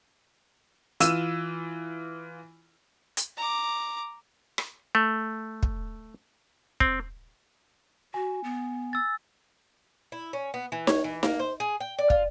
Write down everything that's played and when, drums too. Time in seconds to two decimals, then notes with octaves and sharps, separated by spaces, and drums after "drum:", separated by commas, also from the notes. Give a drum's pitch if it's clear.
1.00 E3 F4 E6 D#7 E7, drum: hi-hat
3.17 drum: hi-hat
3.37 A#5 D6
4.58 drum: rim click
4.95 A3
5.63 drum: kick
6.80 C4, drum: kick
8.14 F#4 G#5
8.44 B3
8.93 E6 A6
10.12 E4
10.33 C#4
10.54 B3
10.72 E3
10.87 C#5, drum: snare D#4
11.04 E3
11.23 A#3, drum: snare D#4
11.40 C5
11.60 G#4
11.80 G5
11.98 D5
12.10 F4, drum: kick